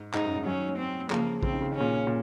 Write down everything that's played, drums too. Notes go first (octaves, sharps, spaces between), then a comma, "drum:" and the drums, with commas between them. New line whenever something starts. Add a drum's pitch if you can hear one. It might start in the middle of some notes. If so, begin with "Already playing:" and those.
Already playing: G#2
G#2 D#4, drum: clap
F#2
G#2
D#3 F#3 C#4
C4
C#3 F3 A#3, drum: clap
C#3 C4, drum: kick
D#3
C#3
D#3 C#4
A#2 C#3
A#2